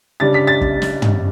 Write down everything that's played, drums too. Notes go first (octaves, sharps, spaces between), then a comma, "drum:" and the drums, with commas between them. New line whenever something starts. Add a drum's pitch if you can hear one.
C#3 G3 D4 A6
B6
A6
drum: kick
drum: snare
drum: tom